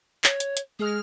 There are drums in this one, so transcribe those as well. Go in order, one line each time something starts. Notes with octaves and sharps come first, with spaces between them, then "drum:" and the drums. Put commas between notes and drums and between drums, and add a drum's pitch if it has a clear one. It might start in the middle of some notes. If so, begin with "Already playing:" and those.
C#5, drum: clap
drum: hi-hat
drum: hi-hat
G#3 G#4 F6